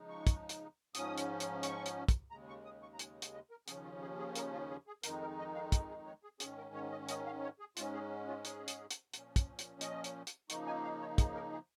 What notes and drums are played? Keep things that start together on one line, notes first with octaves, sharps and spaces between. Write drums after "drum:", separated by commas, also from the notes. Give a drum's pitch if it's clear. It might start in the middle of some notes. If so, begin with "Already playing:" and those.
Already playing: C#3 F3 G#3 D#4
C#6
drum: kick, hi-hat
drum: hi-hat
G#2 F3 C#4 D#6, drum: hi-hat
drum: hi-hat
drum: hi-hat
C#6, drum: hi-hat
drum: hi-hat
drum: kick, hi-hat
D#2 C#3 G#3 A#5
C#6
D#6
C#6
A#5
G#5, drum: hi-hat
drum: hi-hat
D#5
A#4
D#2 C#3 F3 C#4 G#4, drum: hi-hat
F4
G#4
G#4
A#4, drum: hi-hat
F4
G#4
G#4
F2 D#3 G#3 D#4 A#4, drum: hi-hat
A#4
D#5
F5
drum: kick, hi-hat
G#4
C#5
G#4
G#2 D#3 C#4 G#4, drum: hi-hat
A#4
C#5
D#5
D#5, drum: hi-hat
F5
C#5
G#4
G#2 G#3 C#4 F4, drum: hi-hat
G#4
F4
G#4, drum: hi-hat
drum: hi-hat
drum: hi-hat
A#2 F3 C#4, drum: hi-hat
drum: kick, hi-hat
drum: hi-hat
D#5, drum: hi-hat
drum: hi-hat
drum: hi-hat
C#3 F3 A#3 D#4 C#6, drum: hi-hat
G#5
F5
C#5
G#4, drum: kick, hi-hat
A#4
G#4